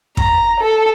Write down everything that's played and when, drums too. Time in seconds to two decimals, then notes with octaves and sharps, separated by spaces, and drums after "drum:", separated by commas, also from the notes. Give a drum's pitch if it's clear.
0.17 A#5, drum: kick
0.60 A4